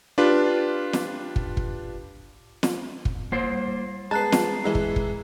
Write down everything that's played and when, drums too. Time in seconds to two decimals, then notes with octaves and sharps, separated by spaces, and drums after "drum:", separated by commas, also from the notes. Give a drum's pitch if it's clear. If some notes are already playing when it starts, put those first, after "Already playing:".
0.18 D4 F4 G4 B4
0.93 drum: snare
1.36 drum: kick
1.57 drum: kick
2.63 drum: snare
3.05 drum: kick
3.32 G3 A#3 C5
4.11 G#3 B3 A5 A#5 F#6 C7
4.32 drum: snare
4.64 E3 G#3 E4
4.75 drum: kick
4.96 drum: kick